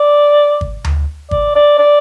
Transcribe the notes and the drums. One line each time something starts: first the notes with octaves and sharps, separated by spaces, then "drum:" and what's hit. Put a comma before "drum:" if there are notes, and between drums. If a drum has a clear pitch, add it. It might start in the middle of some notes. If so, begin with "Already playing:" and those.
Already playing: D5
drum: kick G1
drum: tom D2
D5, drum: kick G1
D5
D5